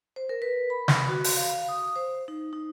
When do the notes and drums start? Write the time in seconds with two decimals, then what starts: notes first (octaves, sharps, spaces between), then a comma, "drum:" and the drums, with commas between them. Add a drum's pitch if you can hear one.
0.16 C5
0.29 A#4
0.42 B4
0.70 B5
0.88 drum: snare
1.08 F#4
1.24 drum: open hi-hat
1.36 F5
1.69 D#6
1.96 C5
2.28 D#4
2.53 D#4